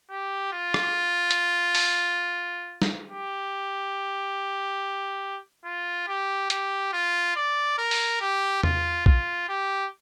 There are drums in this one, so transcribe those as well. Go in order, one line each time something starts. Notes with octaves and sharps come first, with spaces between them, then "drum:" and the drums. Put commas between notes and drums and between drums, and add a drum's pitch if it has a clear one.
G4
F4
drum: rim click
drum: hi-hat
drum: open hi-hat
drum: snare
G4
F4
G4
G4, drum: hi-hat
F4
D5
A#4
drum: open hi-hat
G4
F4, drum: tom E2
F4, drum: kick A#1
G4